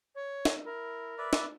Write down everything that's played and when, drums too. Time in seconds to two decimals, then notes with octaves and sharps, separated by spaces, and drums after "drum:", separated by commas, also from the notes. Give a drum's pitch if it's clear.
0.15 C#5
0.45 drum: snare
0.65 E4 A#4
1.18 B4 D5 E5
1.33 drum: snare